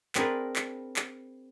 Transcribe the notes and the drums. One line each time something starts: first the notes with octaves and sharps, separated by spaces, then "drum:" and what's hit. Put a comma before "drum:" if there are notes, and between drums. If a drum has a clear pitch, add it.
C4 D4 G#4 A#4 B4, drum: clap
drum: clap
drum: clap